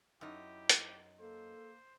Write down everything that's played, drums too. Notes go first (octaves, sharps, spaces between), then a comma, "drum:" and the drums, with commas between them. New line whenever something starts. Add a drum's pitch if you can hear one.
F#2 D#4 E4 G4
drum: hi-hat
A#3 A4 C5